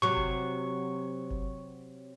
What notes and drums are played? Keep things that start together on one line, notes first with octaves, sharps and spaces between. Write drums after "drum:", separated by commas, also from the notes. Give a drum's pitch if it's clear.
C3 F#3 C#6
drum: kick F#1
drum: kick F#1